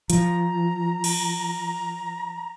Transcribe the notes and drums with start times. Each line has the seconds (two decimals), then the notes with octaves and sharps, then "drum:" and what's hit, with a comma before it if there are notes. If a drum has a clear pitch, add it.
0.10 F3 A#5, drum: hi-hat
1.04 drum: cymbal